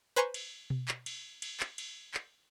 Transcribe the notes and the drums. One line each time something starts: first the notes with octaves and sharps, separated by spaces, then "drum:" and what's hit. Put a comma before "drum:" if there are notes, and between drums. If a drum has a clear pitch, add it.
B4 C5 G#5 A#5 C6 C#6
drum: cymbal
drum: tom B2
drum: clap
drum: cymbal
drum: cymbal
drum: clap
drum: cymbal
drum: clap